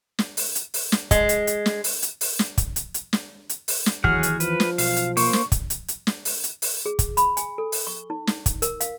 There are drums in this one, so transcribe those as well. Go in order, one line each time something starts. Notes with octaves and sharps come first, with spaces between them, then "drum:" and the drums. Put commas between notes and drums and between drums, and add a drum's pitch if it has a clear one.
drum: snare
drum: open hi-hat
drum: hi-hat
drum: open hi-hat
drum: snare
G#3, drum: kick, hi-hat
drum: hi-hat
drum: hi-hat
drum: snare
drum: open hi-hat
drum: hi-hat
drum: open hi-hat
drum: snare
drum: kick, hi-hat
drum: hi-hat
drum: hi-hat
drum: snare
drum: hi-hat
drum: open hi-hat
drum: snare
D#2 E3 F#3 F#4 G#4 F#5 F6, drum: kick
drum: hi-hat
F3 B4, drum: hi-hat
drum: snare
B1 F5, drum: open hi-hat
drum: hi-hat
A#3 C5 C#6, drum: open hi-hat
drum: snare
drum: kick, hi-hat
drum: hi-hat
drum: hi-hat
drum: snare
drum: open hi-hat
drum: hi-hat
drum: open hi-hat
G#4
drum: kick, hi-hat
B5, drum: hi-hat
G#5, drum: hi-hat
A4
drum: open hi-hat
C#6
D#4
drum: snare
drum: kick, hi-hat
A#4, drum: hi-hat
F5, drum: hi-hat